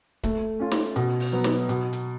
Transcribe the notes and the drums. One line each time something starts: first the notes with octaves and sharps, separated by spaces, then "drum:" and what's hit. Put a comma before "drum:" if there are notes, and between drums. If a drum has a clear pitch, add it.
A3, drum: kick C#1, hi-hat
C#4 F4
drum: snare
B2, drum: hi-hat
drum: open hi-hat
F#3 B3
drum: snare
B2, drum: hi-hat
drum: hi-hat